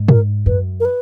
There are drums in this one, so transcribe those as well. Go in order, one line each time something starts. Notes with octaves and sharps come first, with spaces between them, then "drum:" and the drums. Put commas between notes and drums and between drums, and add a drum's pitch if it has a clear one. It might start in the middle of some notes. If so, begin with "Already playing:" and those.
Already playing: G#2
A#4, drum: tom
F#2 B4
A#4
B4